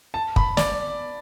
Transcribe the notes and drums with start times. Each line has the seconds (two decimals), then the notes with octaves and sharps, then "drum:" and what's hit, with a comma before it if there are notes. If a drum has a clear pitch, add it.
0.14 A5
0.36 B5, drum: kick
0.57 D5, drum: snare